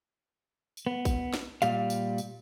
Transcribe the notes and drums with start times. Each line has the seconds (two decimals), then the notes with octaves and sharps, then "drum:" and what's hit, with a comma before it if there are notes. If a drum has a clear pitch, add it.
0.77 drum: tambourine
0.87 B3
1.05 drum: kick A1, tambourine
1.34 drum: snare
1.62 A#2 G3 F5, drum: tambourine
1.90 drum: tambourine
2.18 drum: tambourine